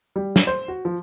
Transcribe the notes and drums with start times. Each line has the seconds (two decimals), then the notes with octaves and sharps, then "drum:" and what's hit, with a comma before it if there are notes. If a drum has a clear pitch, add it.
0.16 G3
0.36 drum: snare
0.47 C5
0.68 F#4
0.85 F3